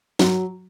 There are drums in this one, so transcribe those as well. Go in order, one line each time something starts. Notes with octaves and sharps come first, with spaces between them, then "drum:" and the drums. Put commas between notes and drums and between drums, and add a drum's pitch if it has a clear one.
F#3, drum: snare